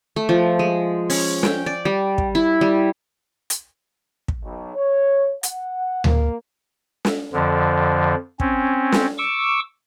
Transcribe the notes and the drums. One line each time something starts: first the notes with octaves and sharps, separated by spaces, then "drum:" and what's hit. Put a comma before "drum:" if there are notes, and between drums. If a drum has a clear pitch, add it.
A3
F3
G#3
C#4, drum: open hi-hat
G5, drum: snare
D5
G3
drum: kick
E4
G3
drum: hi-hat
drum: kick
B1
C#5
F#5, drum: hi-hat
A#3, drum: tom D2
drum: snare
F2 D3 F3
C4 C#4, drum: kick
drum: snare
C#6 D6 E6